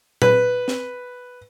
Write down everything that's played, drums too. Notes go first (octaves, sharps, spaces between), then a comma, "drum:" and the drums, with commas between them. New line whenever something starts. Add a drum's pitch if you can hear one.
B4, drum: tom A#2
drum: snare